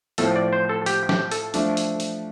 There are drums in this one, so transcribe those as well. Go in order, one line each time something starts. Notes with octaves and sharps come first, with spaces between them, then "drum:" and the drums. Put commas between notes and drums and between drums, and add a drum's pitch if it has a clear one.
A2 F3 C4 A4, drum: hi-hat
D5
C5
A4
G4, drum: hi-hat
G4, drum: snare
A4, drum: hi-hat
F3 A3 D4, drum: hi-hat
drum: hi-hat
drum: hi-hat